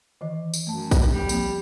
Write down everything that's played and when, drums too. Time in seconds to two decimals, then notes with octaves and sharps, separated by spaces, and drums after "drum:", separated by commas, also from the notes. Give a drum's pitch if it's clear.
0.21 D#3 E3 D#5
0.54 drum: tambourine
0.67 F#2 A3 A5
0.91 drum: kick, tambourine
1.06 G3
1.29 F3 A#3 C4, drum: tambourine